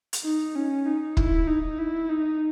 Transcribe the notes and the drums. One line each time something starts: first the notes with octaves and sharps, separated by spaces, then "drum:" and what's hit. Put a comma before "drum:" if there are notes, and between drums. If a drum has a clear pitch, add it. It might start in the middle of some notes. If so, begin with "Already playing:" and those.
drum: hi-hat
D#4
C#4
D#4
E4, drum: kick
D#4
E4
D#4